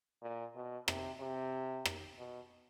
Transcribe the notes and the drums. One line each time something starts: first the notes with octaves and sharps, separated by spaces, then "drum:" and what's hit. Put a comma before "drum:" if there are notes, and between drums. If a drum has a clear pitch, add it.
A#2
B2
C3, drum: rim click
C3
drum: rim click
B2